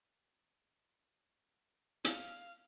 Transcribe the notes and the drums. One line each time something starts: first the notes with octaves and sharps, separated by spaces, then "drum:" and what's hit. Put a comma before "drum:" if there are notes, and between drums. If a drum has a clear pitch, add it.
F5, drum: hi-hat